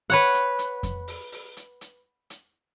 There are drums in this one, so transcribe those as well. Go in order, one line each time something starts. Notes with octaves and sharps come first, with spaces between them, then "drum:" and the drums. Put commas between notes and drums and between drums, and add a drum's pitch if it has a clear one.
B4 C#5 F#5
drum: hi-hat
drum: hi-hat
drum: kick F2, hi-hat
drum: open hi-hat
drum: open hi-hat
drum: hi-hat
drum: hi-hat
drum: hi-hat